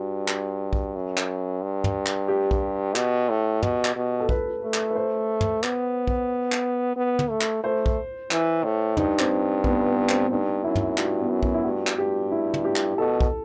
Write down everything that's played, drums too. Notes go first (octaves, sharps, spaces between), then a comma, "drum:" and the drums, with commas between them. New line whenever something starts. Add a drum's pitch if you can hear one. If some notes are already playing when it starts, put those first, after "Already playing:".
Already playing: G2 F#4
drum: clap
drum: kick
F#2
drum: clap
G2
drum: tom
drum: clap
G4
drum: kick
B2, drum: clap
A2
B2, drum: tom
drum: clap
B2
A4
B4, drum: kick
A3
drum: clap
B4
C5
drum: tom
B3, drum: clap
drum: kick
drum: clap
B3
drum: tom
A3
drum: clap
A3 C5
drum: kick
E3, drum: clap
A2
G2 D#4, drum: tom
C4, drum: clap
B3, drum: kick
B3
C4, drum: clap
G2 D#4
F#2 E4
drum: tom
G2 F#4, drum: clap
B3
F#2
B3, drum: kick
E4
G2 F#4
drum: clap
G2 G4
E4
drum: tom
G4
drum: clap
B2 A4
drum: kick